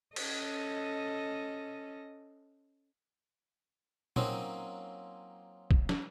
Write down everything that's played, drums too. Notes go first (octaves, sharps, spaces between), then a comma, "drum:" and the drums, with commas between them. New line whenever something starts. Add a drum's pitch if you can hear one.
C#4 A4 D#5, drum: cymbal
F#3 A#3 C4 C#4 D#4 F4, drum: tom
drum: kick
drum: snare